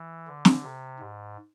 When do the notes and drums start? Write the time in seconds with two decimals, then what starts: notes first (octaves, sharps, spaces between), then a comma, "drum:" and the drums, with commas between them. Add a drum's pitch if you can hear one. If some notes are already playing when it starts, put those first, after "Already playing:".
Already playing: E3
0.27 D3
0.45 drum: snare
0.63 C3
0.99 G#2